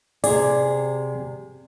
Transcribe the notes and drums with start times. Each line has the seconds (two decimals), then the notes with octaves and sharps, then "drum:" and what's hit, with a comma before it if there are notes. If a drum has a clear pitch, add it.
0.24 C3 G#4 D5, drum: open hi-hat